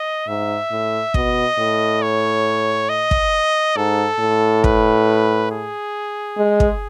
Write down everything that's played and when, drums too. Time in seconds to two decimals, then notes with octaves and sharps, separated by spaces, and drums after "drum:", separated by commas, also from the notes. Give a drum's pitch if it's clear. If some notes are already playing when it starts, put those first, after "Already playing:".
Already playing: D#5
0.28 G#2 E5
0.71 A2
1.14 B2 D#5, drum: kick
1.58 A2
2.02 C#5
2.89 D#5
3.11 drum: kick
3.76 G#2 A4
4.20 A2
4.64 B4, drum: kick
5.51 G#4
6.38 G#3
6.60 drum: kick